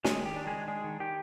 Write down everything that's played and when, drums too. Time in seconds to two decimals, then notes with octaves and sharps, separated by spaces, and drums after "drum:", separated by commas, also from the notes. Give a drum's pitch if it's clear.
0.05 D#3 G#3 G#4, drum: snare
0.21 D#3 G4
0.36 D4
0.47 D#3 G#3 G#4
0.68 G#3 D4 G#4
0.84 D#3
1.00 D#3 G4